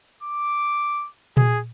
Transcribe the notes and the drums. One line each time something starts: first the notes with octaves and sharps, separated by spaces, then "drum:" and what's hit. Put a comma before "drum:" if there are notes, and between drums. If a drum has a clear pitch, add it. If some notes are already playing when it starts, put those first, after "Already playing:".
D6
G#4, drum: tom A#2